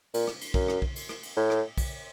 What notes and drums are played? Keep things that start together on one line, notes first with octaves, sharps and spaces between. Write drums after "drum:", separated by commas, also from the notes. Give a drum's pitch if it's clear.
A#2, drum: cymbal
drum: rim click
drum: cymbal
F#2, drum: kick
drum: rim click
drum: kick
drum: cymbal
drum: rim click
drum: cymbal
A2
drum: rim click
drum: kick, cymbal